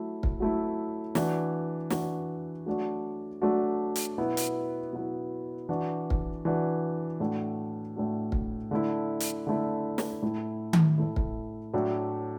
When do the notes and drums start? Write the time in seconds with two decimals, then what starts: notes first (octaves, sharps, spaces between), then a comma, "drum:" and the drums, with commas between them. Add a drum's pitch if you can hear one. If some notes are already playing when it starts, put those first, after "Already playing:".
Already playing: F#3 A3 E4
0.23 drum: kick
0.40 F#3 A3 E4
1.15 E3 D4 F#4, drum: snare
1.90 E3 D4 F#4, drum: snare
2.66 F#3 A3 D4 F#4
3.42 F#3 A3 D4 F#4
3.96 drum: hi-hat
4.18 B2 F#3 B3 E4
4.37 drum: hi-hat
4.93 B2 F#3 B3 E4
5.69 E3 D4 F#4
6.10 drum: kick
6.45 E3 D4 F#4
7.20 A2 A3 D4 F#4
7.96 A2 A3 D4 F#4
8.32 drum: kick
8.71 D3 A3 E4
9.20 drum: hi-hat
9.47 D3 A3 E4
9.98 drum: snare
10.22 A2 A3 E4
10.73 drum: tom D#3
10.98 A2 A3 E4
11.16 drum: kick
11.73 A2 F#3 A3 D4